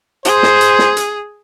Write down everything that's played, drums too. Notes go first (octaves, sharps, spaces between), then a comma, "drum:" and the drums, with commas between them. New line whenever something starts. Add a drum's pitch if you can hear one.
G#4 C5, drum: hi-hat
drum: snare
drum: hi-hat
drum: snare
drum: hi-hat